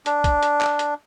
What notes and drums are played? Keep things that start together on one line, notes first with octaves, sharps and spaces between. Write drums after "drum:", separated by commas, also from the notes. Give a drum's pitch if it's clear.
D4, drum: hi-hat
drum: kick, hi-hat
drum: hi-hat
drum: clap
drum: hi-hat